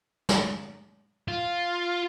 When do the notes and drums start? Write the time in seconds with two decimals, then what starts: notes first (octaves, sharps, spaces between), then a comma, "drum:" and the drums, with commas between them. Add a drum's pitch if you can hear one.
0.29 drum: snare
1.28 F4